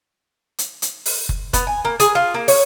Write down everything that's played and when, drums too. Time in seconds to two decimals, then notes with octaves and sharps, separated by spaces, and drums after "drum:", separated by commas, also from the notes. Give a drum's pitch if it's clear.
0.58 drum: hi-hat
0.82 drum: hi-hat
1.06 drum: open hi-hat
1.29 drum: kick F#1
1.53 B3, drum: kick F#1, hi-hat
1.67 G#5
1.85 A#3
2.00 G#4, drum: hi-hat
2.15 F4
2.34 A#3
2.48 C#5, drum: open hi-hat